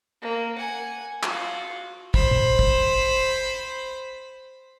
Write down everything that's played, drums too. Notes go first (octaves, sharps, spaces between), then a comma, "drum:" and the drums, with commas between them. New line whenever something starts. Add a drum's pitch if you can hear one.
A#3
F#5 G#5
F4 F#4, drum: clap
C5 B5, drum: kick
drum: tom
drum: kick